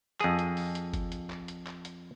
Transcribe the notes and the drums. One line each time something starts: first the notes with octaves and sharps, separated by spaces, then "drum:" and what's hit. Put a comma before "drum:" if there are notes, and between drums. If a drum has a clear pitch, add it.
F2 G#4, drum: clap
drum: hi-hat
drum: open hi-hat
drum: hi-hat
drum: kick G1, hi-hat
drum: hi-hat
drum: clap
drum: hi-hat
drum: clap
drum: hi-hat